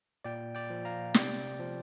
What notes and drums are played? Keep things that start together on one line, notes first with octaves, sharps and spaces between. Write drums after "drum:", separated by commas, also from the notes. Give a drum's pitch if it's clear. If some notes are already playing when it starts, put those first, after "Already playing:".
A#2 D5 G5
D5 G5
F3
F5 A#5
C3 D5 G5, drum: snare
F3